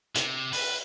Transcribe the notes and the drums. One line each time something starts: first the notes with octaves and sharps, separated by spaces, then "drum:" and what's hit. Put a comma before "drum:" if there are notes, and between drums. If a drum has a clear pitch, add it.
C3, drum: hi-hat
B4, drum: open hi-hat